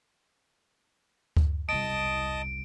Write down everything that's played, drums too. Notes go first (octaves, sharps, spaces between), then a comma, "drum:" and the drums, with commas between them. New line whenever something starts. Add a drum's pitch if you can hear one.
drum: kick D2
E1 C2 D#5 A5 D#6 D7